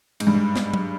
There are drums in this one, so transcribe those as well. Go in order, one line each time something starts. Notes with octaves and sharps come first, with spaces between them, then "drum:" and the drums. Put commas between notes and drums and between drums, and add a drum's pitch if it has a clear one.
G#2, drum: cymbal
G2
G#2
drum: snare
drum: tom F#3